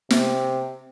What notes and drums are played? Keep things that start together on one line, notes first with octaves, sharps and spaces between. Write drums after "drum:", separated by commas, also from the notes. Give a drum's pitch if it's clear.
C3, drum: snare